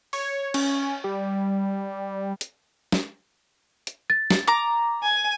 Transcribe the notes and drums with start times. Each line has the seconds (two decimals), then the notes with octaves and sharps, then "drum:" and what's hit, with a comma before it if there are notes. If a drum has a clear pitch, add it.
0.13 C#5, drum: open hi-hat
0.54 C#4, drum: cymbal
1.04 G3
2.41 drum: hi-hat
2.92 drum: snare
3.87 drum: hi-hat
4.10 A6
4.31 drum: snare
4.47 A#5 D6
5.03 G#5